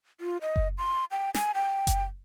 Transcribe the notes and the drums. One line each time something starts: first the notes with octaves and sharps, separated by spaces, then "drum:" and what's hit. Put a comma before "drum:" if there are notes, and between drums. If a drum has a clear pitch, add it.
F4
D#5
drum: kick F#1
C6
G5
G#5, drum: snare
G5
drum: kick F#1, hi-hat